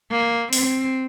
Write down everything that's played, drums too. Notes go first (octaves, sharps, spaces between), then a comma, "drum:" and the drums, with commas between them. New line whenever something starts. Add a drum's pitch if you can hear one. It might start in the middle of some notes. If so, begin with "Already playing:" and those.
A#3
C4, drum: open hi-hat